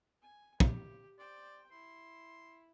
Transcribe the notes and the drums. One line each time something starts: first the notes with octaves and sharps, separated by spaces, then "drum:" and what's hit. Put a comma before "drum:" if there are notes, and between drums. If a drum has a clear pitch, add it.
G#5
G4, drum: kick
C5 D5 G5
E4 C6